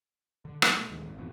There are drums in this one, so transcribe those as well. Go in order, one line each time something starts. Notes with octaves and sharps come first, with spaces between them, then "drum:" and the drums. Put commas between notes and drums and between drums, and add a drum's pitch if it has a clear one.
D3
F#3 G3 A3 B3, drum: rim click
B1 A3
A#1 D#2 D#3 G#3
G#1
A1 F2 B2